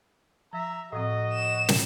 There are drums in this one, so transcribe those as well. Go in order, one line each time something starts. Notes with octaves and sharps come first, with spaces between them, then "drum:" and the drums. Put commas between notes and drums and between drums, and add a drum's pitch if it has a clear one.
F3 E5 A#5
A2 F3 C4 F#4 D#5
E7
drum: snare